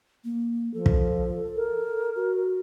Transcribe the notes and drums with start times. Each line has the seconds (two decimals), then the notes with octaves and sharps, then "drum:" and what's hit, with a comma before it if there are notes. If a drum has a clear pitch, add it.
0.24 A#3
0.74 F3 A4
0.86 drum: kick
1.56 A#4
2.16 F#4